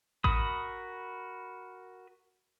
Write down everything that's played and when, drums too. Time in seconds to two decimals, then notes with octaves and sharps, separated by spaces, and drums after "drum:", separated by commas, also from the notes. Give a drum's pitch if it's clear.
0.24 F#4 A#4 B5 D#6, drum: kick A1